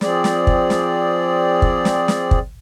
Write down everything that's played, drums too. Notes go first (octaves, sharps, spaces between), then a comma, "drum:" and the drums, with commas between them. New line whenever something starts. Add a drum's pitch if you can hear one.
F3 C4 G#4 D5, drum: snare
drum: snare
drum: kick
drum: snare
drum: kick
drum: snare
drum: snare
drum: kick